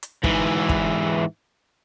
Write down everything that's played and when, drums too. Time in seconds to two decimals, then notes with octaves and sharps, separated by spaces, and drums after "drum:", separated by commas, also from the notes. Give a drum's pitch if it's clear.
0.03 drum: hi-hat
0.24 G#2 E3, drum: kick
0.69 drum: kick